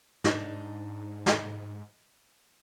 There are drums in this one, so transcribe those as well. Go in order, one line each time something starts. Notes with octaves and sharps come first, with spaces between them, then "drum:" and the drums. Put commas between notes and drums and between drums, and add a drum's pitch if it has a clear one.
G#2 D4 D#4, drum: snare
drum: snare